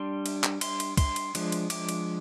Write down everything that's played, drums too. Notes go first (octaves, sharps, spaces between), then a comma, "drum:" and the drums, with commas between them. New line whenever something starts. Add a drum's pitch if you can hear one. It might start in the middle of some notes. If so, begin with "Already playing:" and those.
Already playing: G3 D4 C6
drum: cymbal
drum: clap
C6, drum: cymbal
drum: cymbal
C6, drum: kick, cymbal
drum: cymbal
F3 G#3 D4, drum: cymbal
drum: cymbal
D6, drum: cymbal
drum: cymbal